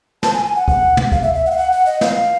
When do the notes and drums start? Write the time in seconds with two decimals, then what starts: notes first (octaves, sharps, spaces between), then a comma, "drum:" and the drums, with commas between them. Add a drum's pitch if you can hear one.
0.23 A5, drum: snare
0.34 G#5
0.45 G#5
0.56 F#5
0.68 F#5, drum: kick
0.97 drum: tom
1.12 F5, drum: kick
1.23 E5
1.34 E5
1.46 F#5
1.51 F5
1.57 F#5
1.72 F#5
1.86 D#5
2.01 F5, drum: snare